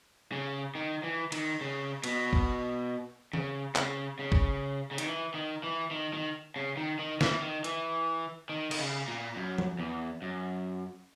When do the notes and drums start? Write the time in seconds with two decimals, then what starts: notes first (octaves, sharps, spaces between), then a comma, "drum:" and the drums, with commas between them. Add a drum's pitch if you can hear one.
0.32 C#3
0.75 D#3
1.04 E3
1.32 D#3, drum: cymbal
1.61 C#3
2.04 B2, drum: cymbal
2.33 drum: kick
3.33 C#3, drum: tom D#3
3.76 C#3, drum: clap
4.19 C#3
4.32 drum: kick
4.91 C#3
4.98 D#3, drum: hi-hat
5.06 E3
5.34 D#3
5.63 E3
5.91 D#3
6.13 D#3
6.56 C#3
6.77 D#3
6.99 D#3
7.21 E3, drum: snare
7.42 D#3
7.64 E3, drum: hi-hat
8.49 D#3
8.71 D#3, drum: cymbal
8.79 C#3
9.08 A#2
9.36 F#2
9.58 drum: tom F3
9.79 E2
10.22 F#2